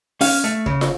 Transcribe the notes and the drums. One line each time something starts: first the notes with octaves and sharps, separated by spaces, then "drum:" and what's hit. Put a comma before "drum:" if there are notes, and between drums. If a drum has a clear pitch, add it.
C#4 F5, drum: open hi-hat
A3
C#3, drum: kick
drum: snare